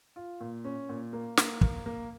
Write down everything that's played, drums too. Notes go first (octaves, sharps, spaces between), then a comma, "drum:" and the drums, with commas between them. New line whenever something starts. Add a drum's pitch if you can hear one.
F4
A#2
C#4
A#2
A#3
A#3, drum: snare
A#3, drum: kick
A#3